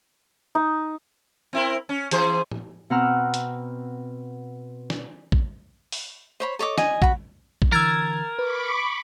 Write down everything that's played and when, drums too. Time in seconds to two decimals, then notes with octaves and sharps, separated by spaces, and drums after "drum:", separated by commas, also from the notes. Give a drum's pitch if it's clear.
0.55 D#4
1.53 C4 E4 A#4
1.89 C#4
2.11 E3 G#4 C5, drum: hi-hat
2.51 drum: tom A2
2.90 B2 C4 F#5 A#5 E6 F6
3.34 drum: hi-hat
4.90 drum: snare
5.32 drum: kick
5.92 drum: open hi-hat
6.40 C5 C#5 B5
6.59 A4 C#5 D#5 D6
6.78 D#5 G#5, drum: snare
7.02 F#4 B5, drum: kick
7.62 drum: kick
7.72 D3 E3 A#4 E6 G#6 A6
8.39 B4 B5 C#6 D6